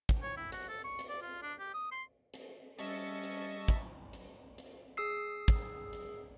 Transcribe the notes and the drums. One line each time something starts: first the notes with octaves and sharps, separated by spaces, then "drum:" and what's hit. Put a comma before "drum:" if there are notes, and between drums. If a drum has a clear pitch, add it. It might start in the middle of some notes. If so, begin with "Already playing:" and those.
drum: kick, hi-hat
C#5
E4
F#4, drum: hi-hat
A4
C#6
drum: hi-hat
D5
F4
D4
G4
D#6
C6
drum: hi-hat
G3 C#4 D#5 E5 A5 C#6, drum: hi-hat
drum: hi-hat
drum: kick, hi-hat
drum: hi-hat
drum: hi-hat
G#4 D#6 E6 C7
drum: kick, hi-hat
drum: hi-hat